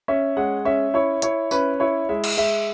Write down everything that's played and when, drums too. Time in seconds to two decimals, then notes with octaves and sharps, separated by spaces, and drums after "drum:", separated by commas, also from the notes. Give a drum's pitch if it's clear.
0.08 C#4 E5
0.37 G#3 F#5
0.65 C#4 E5
0.94 E4 C#5
1.22 E4 C#5, drum: hi-hat
1.51 C#4 B4, drum: tambourine
1.80 E4 C#5
2.09 G#3 E5
2.24 drum: cymbal
2.37 G#3 E5